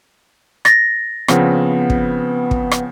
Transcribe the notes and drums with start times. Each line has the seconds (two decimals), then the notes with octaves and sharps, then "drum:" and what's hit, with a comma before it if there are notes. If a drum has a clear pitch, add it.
0.65 A6 A#6, drum: rim click
1.28 C#3 F3 B3 C4, drum: rim click
1.90 drum: kick
2.51 drum: kick
2.71 drum: rim click